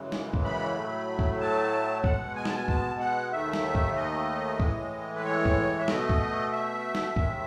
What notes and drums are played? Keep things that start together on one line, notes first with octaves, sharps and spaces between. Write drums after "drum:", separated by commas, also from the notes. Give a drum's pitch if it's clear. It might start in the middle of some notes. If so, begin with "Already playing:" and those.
Already playing: F#2 C#3 E3 G#3
drum: snare
drum: kick
B5
A2 F#3 A3
drum: kick
A5
B2 G#3 F#5, drum: kick
G#5
A5, drum: snare
G#5
A5, drum: kick
F#5
D#2 D#3 A3 E5
drum: snare
drum: kick
D#5
A2 E3 G#3, drum: kick
B4
C#5
drum: kick
E5
B2 A3 D#5, drum: snare
drum: kick
E5
drum: snare
D#2 D#3 G#3, drum: kick